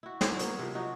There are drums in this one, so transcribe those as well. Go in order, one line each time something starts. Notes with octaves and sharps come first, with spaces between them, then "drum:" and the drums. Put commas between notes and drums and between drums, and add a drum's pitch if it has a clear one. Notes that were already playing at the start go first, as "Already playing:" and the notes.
E4 F#4
F#3 C#5, drum: snare
F#3 A#3 B3, drum: hi-hat
C3 F3
F3 F#3 D#4 F#4